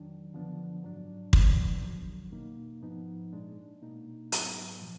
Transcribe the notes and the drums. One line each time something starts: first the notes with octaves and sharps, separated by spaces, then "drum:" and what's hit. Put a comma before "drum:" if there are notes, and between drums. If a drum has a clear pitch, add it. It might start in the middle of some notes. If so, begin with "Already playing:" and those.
Already playing: F2 D#3 F#3 D4
F#2 D3 F3 B3 D4
G#2 F#3 D4
F2 D3 F3 B3 D4, drum: kick
F2 D#3 F#3
B2 A#3 D#4
G#2 F3 B3 D#4
A#2 G#3 D4
B2 A#3 D#4
G#2 F#3 B3, drum: hi-hat
A#2 F3